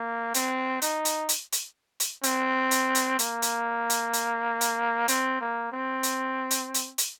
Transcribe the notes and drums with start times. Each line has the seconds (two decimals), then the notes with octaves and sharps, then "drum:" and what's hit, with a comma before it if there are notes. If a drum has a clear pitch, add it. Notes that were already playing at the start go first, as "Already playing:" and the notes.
Already playing: A#3
0.34 C4, drum: hi-hat
0.82 D#4, drum: hi-hat
1.05 drum: hi-hat
1.29 drum: hi-hat
1.53 drum: hi-hat
2.00 drum: hi-hat
2.24 C4, drum: hi-hat
2.71 drum: hi-hat
2.95 drum: hi-hat
3.19 A#3, drum: hi-hat
3.42 drum: hi-hat
3.90 drum: hi-hat
4.13 drum: hi-hat
4.61 drum: hi-hat
5.08 C4, drum: hi-hat
5.41 A#3
5.72 C4
6.03 drum: hi-hat
6.51 drum: hi-hat
6.74 drum: hi-hat
6.98 drum: hi-hat